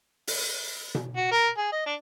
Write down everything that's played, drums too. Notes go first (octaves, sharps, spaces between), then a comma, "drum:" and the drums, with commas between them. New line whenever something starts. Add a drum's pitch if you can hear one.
drum: open hi-hat
drum: tom B2
F#4
A#4
G#4
D#5
D4